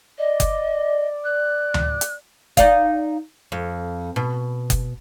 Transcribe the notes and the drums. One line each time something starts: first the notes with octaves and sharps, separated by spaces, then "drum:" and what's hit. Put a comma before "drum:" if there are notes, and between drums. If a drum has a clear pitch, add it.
D5 D#5
drum: kick F#1, hi-hat
F#6
drum: tom D2
drum: hi-hat
D#4 D5 F5, drum: kick F#1, hi-hat
F2
B2
drum: kick F#1, hi-hat